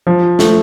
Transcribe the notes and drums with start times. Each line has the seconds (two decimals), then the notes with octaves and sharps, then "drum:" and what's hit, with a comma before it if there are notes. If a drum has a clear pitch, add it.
0.07 F3
0.39 A3, drum: snare